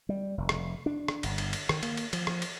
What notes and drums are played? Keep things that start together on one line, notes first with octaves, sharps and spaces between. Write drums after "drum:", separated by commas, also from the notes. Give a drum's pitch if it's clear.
G3
F1
drum: rim click
D4
drum: rim click
G1, drum: cymbal
drum: cymbal
drum: cymbal
D#3, drum: rim click
A#3, drum: cymbal
drum: cymbal
F3, drum: cymbal
drum: rim click
drum: cymbal